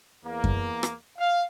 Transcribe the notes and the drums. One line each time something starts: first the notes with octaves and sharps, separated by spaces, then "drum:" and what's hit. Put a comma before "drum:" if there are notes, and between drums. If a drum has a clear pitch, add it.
E2 A#3
drum: kick F#2
drum: rim click
F5